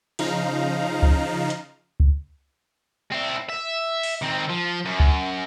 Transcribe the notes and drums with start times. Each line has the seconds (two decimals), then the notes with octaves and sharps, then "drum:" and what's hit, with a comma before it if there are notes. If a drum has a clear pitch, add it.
0.19 C#3 F3 D#4 F5 A#5, drum: cymbal
1.02 drum: kick C#2
1.50 drum: hi-hat
2.00 drum: kick C#2
3.12 C4 E4
3.49 E5
4.03 drum: open hi-hat
4.22 D#3 C4
4.50 F3
4.86 F#2
5.00 drum: kick C#2